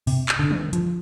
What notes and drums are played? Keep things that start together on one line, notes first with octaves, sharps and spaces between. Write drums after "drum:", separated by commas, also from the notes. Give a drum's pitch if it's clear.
C3, drum: open hi-hat
drum: clap
D3
drum: tom
F3, drum: hi-hat